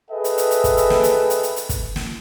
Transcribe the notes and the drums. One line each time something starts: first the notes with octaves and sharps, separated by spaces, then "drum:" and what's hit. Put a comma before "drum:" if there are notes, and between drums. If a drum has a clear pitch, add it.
G#4 A4 B4 D#5 E5 G5
drum: hi-hat
drum: hi-hat
drum: hi-hat
drum: kick, hi-hat
drum: hi-hat
drum: snare
drum: hi-hat
drum: hi-hat
drum: hi-hat
drum: hi-hat
drum: kick, hi-hat
drum: snare